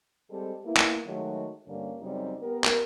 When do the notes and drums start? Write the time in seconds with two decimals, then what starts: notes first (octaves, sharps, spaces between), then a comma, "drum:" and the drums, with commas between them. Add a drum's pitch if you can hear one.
0.31 G3 G#3 C4 G4 A4
0.65 A#3 B3 E4
0.76 drum: clap
1.06 D#3 F#3 G#3 A3 F#4
1.67 G2 D3 G3 A#3 C#4
2.02 F#2 C#3 G3 C4 D#4
2.42 B3 G4 A#4
2.64 drum: clap